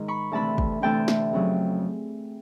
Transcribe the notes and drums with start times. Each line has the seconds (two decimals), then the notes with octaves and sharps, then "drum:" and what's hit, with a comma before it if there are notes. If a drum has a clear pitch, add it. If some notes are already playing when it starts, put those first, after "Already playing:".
Already playing: G#2 D#3 G#3
0.08 B5 C#6
0.31 D2 C3 E3 A3 D4 A5 B5
0.58 drum: kick
0.82 D2 C3 E3 A3 D4 G5 A5
1.08 drum: snare
1.33 F2 C#3 F#3